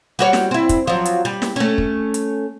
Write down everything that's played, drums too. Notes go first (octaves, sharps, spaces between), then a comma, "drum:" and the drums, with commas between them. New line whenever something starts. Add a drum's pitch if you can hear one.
G3 F#4 C#5
drum: snare
C4 E4
drum: kick, hi-hat
F3 F#3
drum: hi-hat
G3
drum: snare
A3 C#4
drum: kick
drum: hi-hat